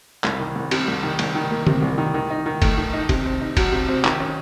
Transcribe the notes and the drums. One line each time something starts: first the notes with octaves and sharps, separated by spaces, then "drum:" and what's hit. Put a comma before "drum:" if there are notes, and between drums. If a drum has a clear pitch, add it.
C2, drum: clap
D#3
C2
C3, drum: cymbal
C2
D#3
C2, drum: cymbal
D#3
A#3
C3, drum: tom
C2
D#3
D#3
D#4
D#3
A3, drum: kick, cymbal
D#3
D#4
C3, drum: kick, cymbal
C4
D#4
F#3, drum: kick, cymbal
C3
C4
D#3, drum: clap
C#4